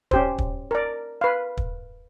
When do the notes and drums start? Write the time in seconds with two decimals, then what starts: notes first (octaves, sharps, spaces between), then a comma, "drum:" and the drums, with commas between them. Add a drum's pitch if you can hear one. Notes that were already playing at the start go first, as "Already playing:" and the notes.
0.11 C#4 G4 C5, drum: kick
0.38 drum: kick
0.71 A#4 D5
1.21 B4 F5
1.57 drum: kick